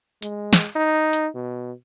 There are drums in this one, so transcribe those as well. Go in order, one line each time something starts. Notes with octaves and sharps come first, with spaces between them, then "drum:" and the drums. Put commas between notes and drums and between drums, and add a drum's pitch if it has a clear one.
G#3, drum: hi-hat
drum: snare
D#4
drum: hi-hat
B2